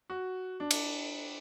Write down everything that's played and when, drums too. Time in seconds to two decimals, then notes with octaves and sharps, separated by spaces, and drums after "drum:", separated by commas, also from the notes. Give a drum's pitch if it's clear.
0.10 F#4
0.60 D4
0.71 drum: cymbal